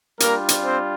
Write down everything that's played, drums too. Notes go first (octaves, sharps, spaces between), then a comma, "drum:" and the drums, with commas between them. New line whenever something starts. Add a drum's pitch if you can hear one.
G3 A#3 D4 F4 A#4, drum: hi-hat
drum: hi-hat
C4 C5